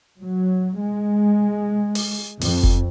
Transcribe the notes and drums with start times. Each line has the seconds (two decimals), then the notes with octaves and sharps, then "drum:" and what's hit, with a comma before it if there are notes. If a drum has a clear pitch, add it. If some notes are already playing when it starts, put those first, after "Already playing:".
0.21 F#3
0.79 G#3
1.95 drum: open hi-hat
2.41 F2, drum: open hi-hat
2.63 drum: kick